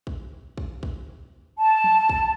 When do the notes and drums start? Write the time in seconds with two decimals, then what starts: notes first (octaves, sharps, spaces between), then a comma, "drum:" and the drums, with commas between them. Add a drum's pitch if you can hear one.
0.07 drum: kick
0.57 drum: kick
0.83 drum: kick
1.59 A5
1.84 drum: tom
2.09 drum: kick